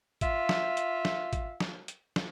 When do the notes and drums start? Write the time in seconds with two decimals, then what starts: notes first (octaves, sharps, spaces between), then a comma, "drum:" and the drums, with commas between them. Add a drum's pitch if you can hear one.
0.21 F4 E5 F5, drum: kick, hi-hat
0.49 drum: snare
0.77 drum: hi-hat
1.05 drum: snare
1.33 drum: kick, hi-hat
1.60 drum: snare
1.88 drum: hi-hat
2.16 drum: snare